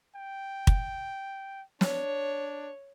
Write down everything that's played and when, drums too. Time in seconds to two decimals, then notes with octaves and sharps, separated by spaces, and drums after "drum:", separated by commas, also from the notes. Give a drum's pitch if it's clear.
0.15 G5
0.67 drum: kick
1.81 D4 C#5, drum: snare